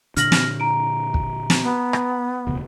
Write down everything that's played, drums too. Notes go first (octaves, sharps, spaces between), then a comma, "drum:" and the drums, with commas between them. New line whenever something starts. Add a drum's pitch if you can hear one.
A#2 D3 D4 F6 A#6 F#7, drum: hi-hat
drum: snare
A#5 D7
drum: kick
drum: snare
B3
drum: rim click
E1 D2 C#3